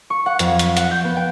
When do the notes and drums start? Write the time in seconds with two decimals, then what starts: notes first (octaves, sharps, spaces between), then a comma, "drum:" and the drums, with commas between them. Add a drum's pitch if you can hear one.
0.10 C#6
0.26 F#5
0.39 F2, drum: hi-hat
0.59 B6, drum: hi-hat
0.77 F#5, drum: hi-hat
0.91 G6
1.04 B3
1.17 G5